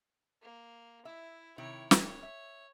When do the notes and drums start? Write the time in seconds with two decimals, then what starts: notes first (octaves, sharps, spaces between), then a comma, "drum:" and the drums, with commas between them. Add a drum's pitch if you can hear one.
0.42 A#3
1.05 E4 E5
1.58 C3 D#3 E4 C#5
1.91 C#5, drum: snare
2.23 E5